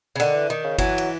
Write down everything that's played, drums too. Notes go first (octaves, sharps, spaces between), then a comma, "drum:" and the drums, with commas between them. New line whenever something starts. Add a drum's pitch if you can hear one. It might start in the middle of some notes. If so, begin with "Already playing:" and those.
C#3
D3 D#3, drum: cymbal
E3
D#3
C#3
E3 F#3, drum: kick G1, cymbal
drum: cymbal